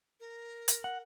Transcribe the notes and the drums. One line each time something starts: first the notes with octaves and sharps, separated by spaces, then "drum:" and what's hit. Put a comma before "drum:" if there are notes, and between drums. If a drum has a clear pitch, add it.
A#4
drum: hi-hat
F#5